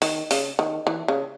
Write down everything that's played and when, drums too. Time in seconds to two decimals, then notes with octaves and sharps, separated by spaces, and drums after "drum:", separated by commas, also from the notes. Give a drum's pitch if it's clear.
0.02 D#3, drum: open hi-hat
0.31 C#3, drum: open hi-hat
0.59 D#3
0.87 E3
1.08 C#3